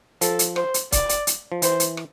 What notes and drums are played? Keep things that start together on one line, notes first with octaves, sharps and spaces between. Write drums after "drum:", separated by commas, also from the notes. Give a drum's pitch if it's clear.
F3 A4, drum: hi-hat
drum: hi-hat
C5, drum: rim click
drum: hi-hat
D5, drum: kick C#1, hi-hat
drum: hi-hat
drum: hi-hat
F3
E3 C5, drum: hi-hat
drum: hi-hat
drum: rim click